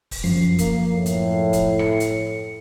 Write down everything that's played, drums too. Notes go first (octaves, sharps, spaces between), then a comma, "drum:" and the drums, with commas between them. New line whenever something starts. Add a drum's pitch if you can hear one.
drum: kick, open hi-hat
F#2 F3 C7
A#3, drum: kick, hi-hat
A2
drum: hi-hat
drum: kick, hi-hat
C#7, drum: rim click
drum: hi-hat